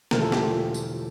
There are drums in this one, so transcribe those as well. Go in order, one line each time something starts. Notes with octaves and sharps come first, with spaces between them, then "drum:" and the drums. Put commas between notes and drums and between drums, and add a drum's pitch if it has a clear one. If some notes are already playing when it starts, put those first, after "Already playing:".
E1 E2 D3 F3 A3 A#4, drum: snare
A4
G4, drum: snare
F4
drum: tambourine